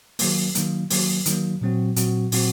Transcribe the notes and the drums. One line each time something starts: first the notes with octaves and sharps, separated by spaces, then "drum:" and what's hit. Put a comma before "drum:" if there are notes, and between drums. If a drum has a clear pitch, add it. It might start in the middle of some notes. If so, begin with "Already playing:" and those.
D#3 F#3 A#3, drum: open hi-hat
D#3 F#3 A#3, drum: hi-hat
D#3 F#3 A#3, drum: open hi-hat
D#3 F#3 A#3, drum: hi-hat
A#2 F#3 C4 F#4
A#2 F#3 C4 F#4, drum: hi-hat
A#2 F#3 C4 F#4, drum: open hi-hat